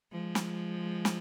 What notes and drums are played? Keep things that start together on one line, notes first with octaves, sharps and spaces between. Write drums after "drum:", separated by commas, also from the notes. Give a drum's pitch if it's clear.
F3 G#3
drum: snare
drum: snare